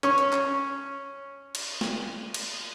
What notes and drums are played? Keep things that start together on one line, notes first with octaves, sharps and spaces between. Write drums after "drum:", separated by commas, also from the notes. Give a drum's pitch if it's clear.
C#4 C#6, drum: hi-hat
drum: hi-hat
drum: clap
drum: cymbal
drum: snare
drum: cymbal